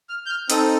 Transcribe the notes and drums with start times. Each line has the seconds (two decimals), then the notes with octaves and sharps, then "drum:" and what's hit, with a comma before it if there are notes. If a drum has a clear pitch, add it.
0.09 F6
0.26 G6
0.29 F6
0.50 C4 D#4 A4 D#6, drum: hi-hat